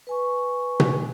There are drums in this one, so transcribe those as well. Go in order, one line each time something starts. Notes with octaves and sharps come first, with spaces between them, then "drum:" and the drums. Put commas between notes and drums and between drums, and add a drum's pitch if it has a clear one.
B4 G#5 C#6
drum: tom B2